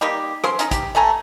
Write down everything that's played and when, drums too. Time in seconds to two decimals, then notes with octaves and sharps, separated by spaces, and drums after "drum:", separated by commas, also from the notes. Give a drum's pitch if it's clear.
0.01 G3 A#3 D#4 G4
0.44 C#4 C5 C6, drum: rim click
0.59 C#4 D#4, drum: hi-hat
0.71 G4, drum: kick, hi-hat
0.95 A3 A4 G#5 A#5